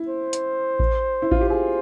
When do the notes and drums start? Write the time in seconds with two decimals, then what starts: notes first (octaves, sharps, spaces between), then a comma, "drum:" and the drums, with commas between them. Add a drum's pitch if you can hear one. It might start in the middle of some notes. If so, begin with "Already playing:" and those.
Already playing: E4
0.09 C5
0.33 drum: hi-hat
0.79 drum: kick A1
1.22 E4
1.31 F4, drum: kick A1
1.41 G4
1.50 G#4 C5